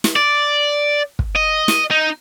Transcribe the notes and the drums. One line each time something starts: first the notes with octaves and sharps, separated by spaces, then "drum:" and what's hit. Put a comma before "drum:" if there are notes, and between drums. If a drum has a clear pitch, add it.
drum: snare
D5
drum: kick
D#5
drum: snare
D#4